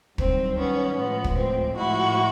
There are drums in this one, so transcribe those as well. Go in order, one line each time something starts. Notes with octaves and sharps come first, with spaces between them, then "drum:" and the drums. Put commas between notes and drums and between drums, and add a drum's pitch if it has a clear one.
G2 D#3 F#3 C4, drum: kick
B3 C#4
A2 F3 G#3 B3
drum: kick
C4
A2 F3 G#3 E4 F#4